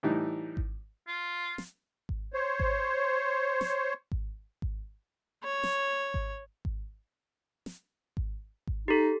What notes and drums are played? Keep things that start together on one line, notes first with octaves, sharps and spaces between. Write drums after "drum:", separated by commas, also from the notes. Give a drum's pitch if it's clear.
A2 E3 G3 D#4
drum: kick G#1
F4
drum: snare
drum: kick G#1
C5 C#5
drum: kick G#1
drum: snare
drum: kick G#1
drum: kick G#1
C#5
drum: snare
drum: kick G#1
drum: kick G#1
drum: snare
drum: kick G#1
drum: kick G#1
D#4 G4 A4